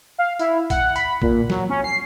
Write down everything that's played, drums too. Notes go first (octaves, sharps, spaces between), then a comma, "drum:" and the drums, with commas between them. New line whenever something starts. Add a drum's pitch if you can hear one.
F5
E4, drum: hi-hat
F#5, drum: kick, hi-hat
B5, drum: hi-hat
A#2, drum: kick
F#3, drum: snare
C#4
C7